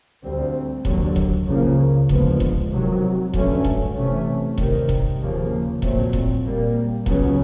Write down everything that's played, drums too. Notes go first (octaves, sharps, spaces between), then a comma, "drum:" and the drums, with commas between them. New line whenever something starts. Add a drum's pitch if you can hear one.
D2 D3 G3 C4
D#2 D3 F#3, drum: kick E1
drum: kick E1
C#2 C#3 F3 A#3
D#2 D3 F3 G#3 B3, drum: kick E1
drum: kick E1
C3 D#3 F#3
G2 D3 F#3 A3 C#4, drum: kick E1
drum: kick E1
C3 E3 A3 C#4
C3 D#3 G3, drum: kick E1
drum: kick E1
D#2 C#3 F3 A#3
A#2 F#3 A3 C4, drum: kick E1
drum: kick E1
A#2 G3 A#3
C#2 C#3 F#3 B3, drum: kick E1